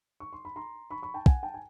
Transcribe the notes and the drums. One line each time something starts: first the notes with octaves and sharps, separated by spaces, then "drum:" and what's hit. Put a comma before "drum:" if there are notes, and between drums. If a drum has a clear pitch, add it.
C#6
C6
B5
A#5 C6
B5 C#6
B5 C#6
G5 A5
F#5 G#5, drum: kick
G5 A5
G#5